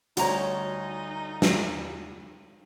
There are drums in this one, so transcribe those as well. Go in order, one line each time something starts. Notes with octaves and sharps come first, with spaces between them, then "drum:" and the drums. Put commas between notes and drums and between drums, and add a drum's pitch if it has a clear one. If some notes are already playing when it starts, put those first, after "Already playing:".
D2 F3 G3 D#4 F#4 C#5 A#5, drum: hi-hat
drum: snare